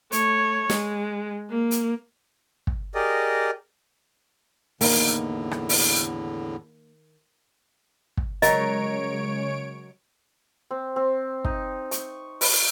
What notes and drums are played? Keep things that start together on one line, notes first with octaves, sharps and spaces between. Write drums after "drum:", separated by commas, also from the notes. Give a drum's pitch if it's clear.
A3 C#5, drum: hi-hat
G#3, drum: snare
A#3
drum: hi-hat
drum: kick
G4 G#4 A#4 D5 D#5
E2 A2 D3 D#3 A#3, drum: open hi-hat
drum: rim click
drum: open hi-hat
drum: kick
C#3 F#3 G#3 A#4 C#5 D#5 D7, drum: hi-hat
C4
C4
D#4, drum: kick
C#6, drum: hi-hat
B4, drum: open hi-hat